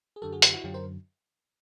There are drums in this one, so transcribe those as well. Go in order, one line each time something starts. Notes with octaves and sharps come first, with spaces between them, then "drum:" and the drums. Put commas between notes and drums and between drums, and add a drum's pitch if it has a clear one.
G#4
F#2 D3 F#3 G4 A4
F#4 G#4
F4 G4, drum: hi-hat
E4 F#4
F#2 D3 F#3 F4 G4
A#4 C5